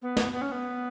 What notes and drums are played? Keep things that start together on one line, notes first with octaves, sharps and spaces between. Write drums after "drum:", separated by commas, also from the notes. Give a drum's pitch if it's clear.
B3
drum: snare
B3
C#4
B3